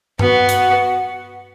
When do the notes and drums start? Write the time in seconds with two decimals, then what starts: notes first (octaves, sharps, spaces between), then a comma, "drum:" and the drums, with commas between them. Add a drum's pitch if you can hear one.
0.19 B3 F#4, drum: tom G2
0.49 F#5, drum: hi-hat